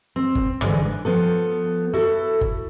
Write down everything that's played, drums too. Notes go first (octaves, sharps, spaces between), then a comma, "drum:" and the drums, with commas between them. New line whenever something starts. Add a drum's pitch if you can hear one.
C4
drum: kick G1
G#2 D3 E3 G#3, drum: rim click
D4
F3 B3 A4
E4 F#4 A4
drum: kick G1